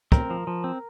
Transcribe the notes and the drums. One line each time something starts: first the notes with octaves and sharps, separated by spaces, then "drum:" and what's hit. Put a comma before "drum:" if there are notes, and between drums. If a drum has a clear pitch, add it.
C4 A#4, drum: kick
F3
F3
C4